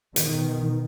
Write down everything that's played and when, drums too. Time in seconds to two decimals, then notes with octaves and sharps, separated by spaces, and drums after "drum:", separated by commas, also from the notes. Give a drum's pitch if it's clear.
0.16 B2 D#3, drum: hi-hat